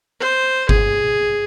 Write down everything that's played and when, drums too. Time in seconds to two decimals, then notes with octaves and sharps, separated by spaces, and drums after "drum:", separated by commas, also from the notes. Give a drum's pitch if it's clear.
0.20 C5
0.69 G#4, drum: kick G1